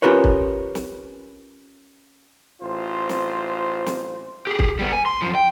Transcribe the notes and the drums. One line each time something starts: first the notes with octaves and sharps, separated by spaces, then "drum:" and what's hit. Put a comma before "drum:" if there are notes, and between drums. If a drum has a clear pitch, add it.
C#4 F4 G4 A#4 B4 C#5
drum: kick
drum: snare
A1 F4 C5
drum: snare
drum: snare
G4 G#4
drum: kick
G3 B3
G#5
C6
F#2 F3
G5